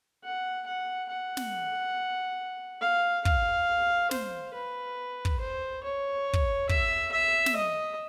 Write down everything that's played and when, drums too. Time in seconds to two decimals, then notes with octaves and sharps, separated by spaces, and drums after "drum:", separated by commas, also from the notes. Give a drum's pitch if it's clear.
0.24 F#5
0.66 F#5
1.09 F#5
1.37 drum: snare
2.81 F5
3.25 F5, drum: kick
4.11 C5, drum: snare
4.54 B4
5.25 drum: kick
5.40 C5
5.83 C#5
6.33 drum: kick
6.69 E5, drum: kick
7.12 E5
7.46 drum: snare
7.56 D#5